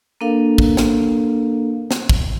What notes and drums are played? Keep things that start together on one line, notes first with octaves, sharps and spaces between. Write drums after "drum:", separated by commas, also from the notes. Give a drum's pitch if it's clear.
A#3 D4 A4 A#4 F5
drum: kick
drum: snare
drum: snare
drum: kick